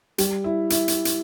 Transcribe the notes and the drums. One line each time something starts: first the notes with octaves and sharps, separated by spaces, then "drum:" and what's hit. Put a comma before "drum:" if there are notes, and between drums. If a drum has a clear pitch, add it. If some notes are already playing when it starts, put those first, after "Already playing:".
G3, drum: hi-hat
E4
E4, drum: hi-hat
drum: hi-hat
drum: hi-hat